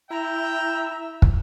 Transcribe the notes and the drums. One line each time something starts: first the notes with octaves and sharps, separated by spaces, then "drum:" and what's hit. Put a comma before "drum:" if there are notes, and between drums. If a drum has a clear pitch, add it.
E4 E5 G5 A#5
drum: kick